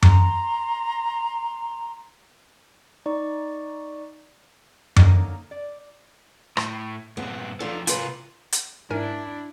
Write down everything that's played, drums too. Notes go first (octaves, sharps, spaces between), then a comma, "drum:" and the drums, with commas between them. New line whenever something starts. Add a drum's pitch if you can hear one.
A#5 C6, drum: tom F#2
D#4 D5 C#6
D3 A#3 C#4 D#4 A#4, drum: tom F#2
D5
A2, drum: rim click
G2 A#2 B3 C4
D3 F3 D#4 F4 A4
C3 F4 A#4 B4 G#5, drum: hi-hat
drum: hi-hat
G#2 D4 E4 A#4 G#5